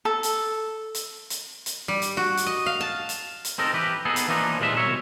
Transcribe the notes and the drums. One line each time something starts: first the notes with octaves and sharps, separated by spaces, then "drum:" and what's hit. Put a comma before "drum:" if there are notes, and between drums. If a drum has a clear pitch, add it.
A4
drum: hi-hat
drum: hi-hat
drum: hi-hat
drum: hi-hat
G3
drum: hi-hat
F#4
drum: hi-hat
D#5
F5
A5
drum: hi-hat
drum: hi-hat
C4 D#4 A4 A#4
E3 G4 B4
B3 D#4 G#4 A4
drum: hi-hat
E3 F3 A#3 D4 D#4
D#2 A#2 G#3 F4 F#4 E5
C2 B2 C#5 E5